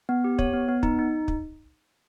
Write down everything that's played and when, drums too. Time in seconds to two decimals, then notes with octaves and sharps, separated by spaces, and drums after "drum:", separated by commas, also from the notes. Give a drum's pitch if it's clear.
0.09 B3
0.24 G4
0.39 C#5, drum: kick
0.53 B3
0.69 B3
0.83 D#4, drum: kick
0.99 D#4
1.28 drum: kick